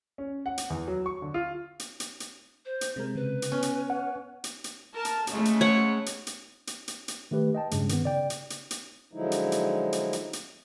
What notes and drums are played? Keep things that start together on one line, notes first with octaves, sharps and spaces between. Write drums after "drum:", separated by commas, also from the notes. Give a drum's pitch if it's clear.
C#4
F#5
drum: hi-hat
E2
F#3
C#6
D3
F4
drum: hi-hat
drum: hi-hat
drum: hi-hat
C5
drum: hi-hat
C3 G#3 A#4
C#3 B4
drum: hi-hat
B3 C#4
drum: hi-hat
F#5
drum: hi-hat
drum: hi-hat
A#4 A5
drum: hi-hat
C#3 G#3 A3, drum: hi-hat
drum: hi-hat
C#5 F#5
drum: hi-hat
drum: hi-hat
drum: hi-hat
drum: hi-hat
drum: hi-hat
D#3 A3 G4 B4
D#5 G5 A5
G2 C#3 G#3, drum: hi-hat
D#3 B3, drum: hi-hat
C#3 D5 G5
drum: hi-hat
drum: hi-hat
drum: hi-hat
D3 F3 F#3 G#3 D#4 E4
drum: hi-hat
drum: hi-hat
drum: hi-hat
drum: hi-hat
drum: hi-hat